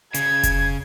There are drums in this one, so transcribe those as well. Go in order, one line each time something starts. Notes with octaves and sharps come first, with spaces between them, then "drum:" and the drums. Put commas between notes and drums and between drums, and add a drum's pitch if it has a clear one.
C#3 G#6, drum: hi-hat
drum: kick F1, hi-hat